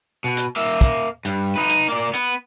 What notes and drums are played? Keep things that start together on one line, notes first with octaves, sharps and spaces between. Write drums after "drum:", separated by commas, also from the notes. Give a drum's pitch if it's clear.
B2
drum: hi-hat
A#3 E5
drum: kick, hi-hat
G2, drum: hi-hat
D#4 B4
drum: hi-hat
A#3 D5
B3, drum: hi-hat